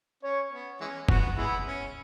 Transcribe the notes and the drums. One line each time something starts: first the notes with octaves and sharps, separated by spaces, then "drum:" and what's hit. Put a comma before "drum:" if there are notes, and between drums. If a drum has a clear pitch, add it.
C#4 C#5
B3
E3 G#3 C#4
B3 F#4, drum: kick
E3 G#3 B3 E4
C#4